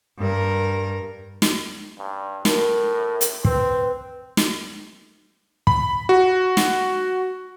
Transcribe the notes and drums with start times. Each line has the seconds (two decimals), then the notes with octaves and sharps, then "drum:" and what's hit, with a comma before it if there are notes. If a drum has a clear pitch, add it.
0.18 G2 A#4
1.42 drum: snare
1.98 G2
2.45 A2 A#4, drum: snare
3.21 drum: hi-hat
3.45 C4 B4, drum: kick
4.37 drum: snare
5.67 B5, drum: kick
6.09 F#4
6.57 drum: snare